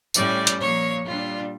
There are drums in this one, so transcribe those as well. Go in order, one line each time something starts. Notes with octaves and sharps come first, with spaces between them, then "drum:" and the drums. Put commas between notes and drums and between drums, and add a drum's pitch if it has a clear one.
A2 G3 C#4 D5, drum: tambourine
drum: hi-hat
A#2 F3 A#3 C#5
A#2 G3 D4 F4